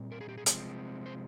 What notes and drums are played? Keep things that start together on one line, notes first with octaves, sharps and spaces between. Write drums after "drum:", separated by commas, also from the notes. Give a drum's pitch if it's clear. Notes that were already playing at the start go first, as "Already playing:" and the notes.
Already playing: A#2 G3 C4
A#4
G#4
G4
G#4
C3 F3 G#3 C4, drum: hi-hat
C5